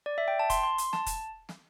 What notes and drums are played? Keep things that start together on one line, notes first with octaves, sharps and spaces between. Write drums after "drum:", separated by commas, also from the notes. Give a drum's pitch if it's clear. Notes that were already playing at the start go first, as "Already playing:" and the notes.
D5
E5
G5
A5
C6, drum: kick, hi-hat
C6
drum: hi-hat
A5, drum: snare
drum: kick, hi-hat
drum: snare